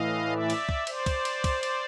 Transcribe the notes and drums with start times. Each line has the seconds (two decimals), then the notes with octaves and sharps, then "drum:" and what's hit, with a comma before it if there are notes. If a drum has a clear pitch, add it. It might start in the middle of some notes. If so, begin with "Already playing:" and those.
Already playing: A2 E3 D#5 F5
0.30 D5 E5
0.50 drum: cymbal
0.69 drum: kick
0.87 C5 D5, drum: cymbal
1.06 drum: kick, cymbal
1.25 drum: cymbal
1.44 drum: kick, cymbal
1.63 drum: cymbal